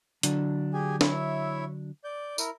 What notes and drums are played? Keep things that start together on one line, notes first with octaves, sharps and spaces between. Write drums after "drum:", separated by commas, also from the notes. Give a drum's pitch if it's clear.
D3 F#3 D4, drum: hi-hat
G4 G#4 G#5
E4 C#5 E5, drum: snare
D5 G6
E4 A#4, drum: tambourine